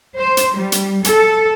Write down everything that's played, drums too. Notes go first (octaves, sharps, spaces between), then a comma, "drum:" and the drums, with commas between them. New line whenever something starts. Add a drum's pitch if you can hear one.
C5
drum: hi-hat
G3
drum: hi-hat
A4, drum: hi-hat